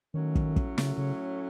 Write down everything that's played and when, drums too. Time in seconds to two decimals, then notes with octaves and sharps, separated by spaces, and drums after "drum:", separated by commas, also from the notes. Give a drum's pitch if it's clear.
0.14 A2 D#3 F#3 A3 C#4
0.35 drum: kick
0.56 drum: kick
0.78 C#3, drum: snare
0.98 C#3